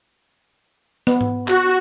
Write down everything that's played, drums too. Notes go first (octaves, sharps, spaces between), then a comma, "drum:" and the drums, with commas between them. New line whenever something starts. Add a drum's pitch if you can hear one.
B3, drum: rim click
drum: tom G#2
F#4, drum: clap